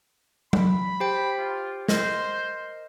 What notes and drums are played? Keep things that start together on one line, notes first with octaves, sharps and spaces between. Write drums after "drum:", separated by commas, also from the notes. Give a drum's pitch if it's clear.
B5, drum: tom F#3
G4 C5 G5
F4
A#4 C5 D#5, drum: snare